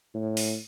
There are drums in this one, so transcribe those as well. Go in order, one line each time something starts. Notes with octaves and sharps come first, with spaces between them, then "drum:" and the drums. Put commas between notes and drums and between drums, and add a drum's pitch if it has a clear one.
A2
drum: open hi-hat